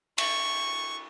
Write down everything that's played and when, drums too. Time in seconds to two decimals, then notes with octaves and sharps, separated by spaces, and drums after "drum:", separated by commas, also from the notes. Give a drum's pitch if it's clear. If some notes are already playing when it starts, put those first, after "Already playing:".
0.18 C#6, drum: cymbal